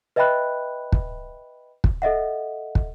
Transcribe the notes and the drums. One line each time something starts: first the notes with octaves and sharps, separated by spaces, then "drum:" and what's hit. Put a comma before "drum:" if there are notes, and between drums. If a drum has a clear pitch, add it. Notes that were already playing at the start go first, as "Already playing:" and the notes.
B4 D#5 E5 G5 B5 F#6
drum: kick
drum: kick
A4 D#5 E5 F#5
drum: kick